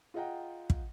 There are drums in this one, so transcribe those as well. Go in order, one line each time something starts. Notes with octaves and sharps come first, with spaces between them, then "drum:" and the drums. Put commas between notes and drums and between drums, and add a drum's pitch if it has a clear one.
F4 G#4 D#5 F#5 G5 A#5
drum: kick